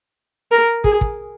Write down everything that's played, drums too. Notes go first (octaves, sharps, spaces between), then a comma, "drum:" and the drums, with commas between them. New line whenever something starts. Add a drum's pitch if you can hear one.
A#4
G#4, drum: kick
drum: kick